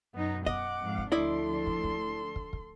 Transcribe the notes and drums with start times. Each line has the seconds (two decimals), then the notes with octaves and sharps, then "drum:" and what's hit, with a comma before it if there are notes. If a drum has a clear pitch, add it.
0.15 F#2 B2 B3 D#4
0.46 B3 D#5 F#5 D6, drum: kick
0.82 F2 G#2 F5
0.98 drum: kick
1.12 D2 F3 D4 E4 A4 D5 D#5 C6
1.67 drum: kick
1.84 drum: kick
2.36 drum: kick
2.53 drum: kick